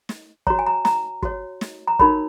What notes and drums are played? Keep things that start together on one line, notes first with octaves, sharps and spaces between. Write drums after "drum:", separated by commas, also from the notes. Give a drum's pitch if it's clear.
drum: snare
F#4 C#5 A#5, drum: kick
G#5
A#5
A#5, drum: snare
F#4 C#5, drum: kick
drum: snare
A#5
D#4 F#4 A#4 C#5 B5, drum: kick